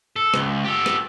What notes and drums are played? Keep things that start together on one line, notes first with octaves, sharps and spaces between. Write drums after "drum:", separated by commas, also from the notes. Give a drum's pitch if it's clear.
A4
C#2, drum: rim click
G4 A4
drum: rim click